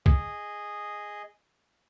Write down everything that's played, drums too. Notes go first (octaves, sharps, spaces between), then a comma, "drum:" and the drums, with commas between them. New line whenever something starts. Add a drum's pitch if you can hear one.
G#4 D#5, drum: kick C2